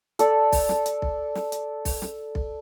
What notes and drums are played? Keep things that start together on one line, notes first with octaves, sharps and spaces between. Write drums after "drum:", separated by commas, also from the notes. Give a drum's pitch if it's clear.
A4 D5, drum: hi-hat
drum: kick B1, open hi-hat
drum: snare
drum: hi-hat
drum: kick B1
drum: snare
drum: hi-hat
drum: kick B1, open hi-hat
drum: snare
drum: kick B1